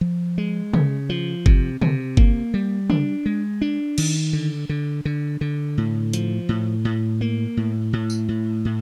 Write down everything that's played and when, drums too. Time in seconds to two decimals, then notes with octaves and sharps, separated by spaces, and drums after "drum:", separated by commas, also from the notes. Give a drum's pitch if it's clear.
0.01 F3
0.38 G#3
0.73 C#3, drum: tom
1.09 F3
1.46 C3, drum: kick G1
1.81 C3, drum: tom
2.17 A#3, drum: kick G1
2.54 G3
2.90 D4, drum: tom
3.26 G#3
3.62 D4
3.98 D#3, drum: cymbal
4.33 D3
4.69 D3
5.05 D3
5.41 D3
5.78 A2
6.13 F3, drum: hi-hat
6.49 A2
6.85 A2
7.21 A#3
7.57 A2
7.93 A2
8.10 drum: tambourine
8.29 A2
8.65 A2